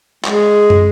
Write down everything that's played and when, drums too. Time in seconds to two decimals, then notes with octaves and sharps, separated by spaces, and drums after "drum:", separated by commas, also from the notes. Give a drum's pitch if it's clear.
0.25 G#3, drum: clap
0.70 drum: tom